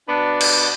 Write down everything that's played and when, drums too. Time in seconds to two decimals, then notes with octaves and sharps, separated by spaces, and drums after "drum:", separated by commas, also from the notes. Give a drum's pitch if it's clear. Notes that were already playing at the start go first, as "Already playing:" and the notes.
0.09 B2 B3 D4
0.41 drum: cymbal